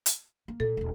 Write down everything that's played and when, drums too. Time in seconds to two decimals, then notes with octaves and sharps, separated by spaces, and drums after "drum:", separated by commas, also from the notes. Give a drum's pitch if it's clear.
0.06 drum: hi-hat
0.48 A#3
0.60 A#2 A4
0.77 D#1 A#1